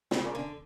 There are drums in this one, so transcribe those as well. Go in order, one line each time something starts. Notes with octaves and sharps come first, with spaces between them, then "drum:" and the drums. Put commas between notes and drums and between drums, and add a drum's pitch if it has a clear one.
C#3, drum: snare
C#4 F4 A#4 D5
D3